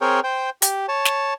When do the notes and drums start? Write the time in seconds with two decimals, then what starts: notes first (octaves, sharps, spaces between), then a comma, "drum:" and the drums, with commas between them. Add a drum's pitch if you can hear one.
0.01 C4 G#4 A#4 C#5 G5
0.24 C5 G5
0.62 G4, drum: hi-hat
0.88 C#5 A5
1.05 drum: snare